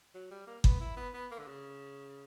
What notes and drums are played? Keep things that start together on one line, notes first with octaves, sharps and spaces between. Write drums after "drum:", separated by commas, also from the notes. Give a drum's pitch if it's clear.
F#3
G3
A#3
B3, drum: kick G1
E4
B3
B3
A#3
D3
C#3